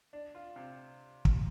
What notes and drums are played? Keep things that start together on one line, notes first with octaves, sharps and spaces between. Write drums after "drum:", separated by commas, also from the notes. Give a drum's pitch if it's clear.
D4
F4
C3
drum: kick